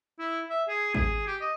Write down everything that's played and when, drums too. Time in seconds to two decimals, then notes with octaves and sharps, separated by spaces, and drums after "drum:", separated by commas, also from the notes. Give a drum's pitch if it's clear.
0.19 E4
0.49 E5
0.68 G#4
0.95 G#4, drum: kick
1.27 G4
1.41 D#5